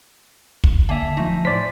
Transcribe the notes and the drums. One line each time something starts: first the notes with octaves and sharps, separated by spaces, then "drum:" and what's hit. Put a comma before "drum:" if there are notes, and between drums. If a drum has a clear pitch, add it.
drum: kick
D3 A#3 E5 G#5 A5
F3 A3 D#4
A2 C5 D5 B6